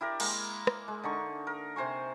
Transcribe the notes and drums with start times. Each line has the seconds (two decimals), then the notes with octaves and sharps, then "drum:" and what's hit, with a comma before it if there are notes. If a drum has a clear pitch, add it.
0.01 E4 G4 A#4 D5
0.20 G#3 A#3, drum: cymbal
0.67 drum: rim click
0.88 G#3
1.04 D3 D#4 C#6
1.47 A#4
1.76 C3 C5 G#5 C#6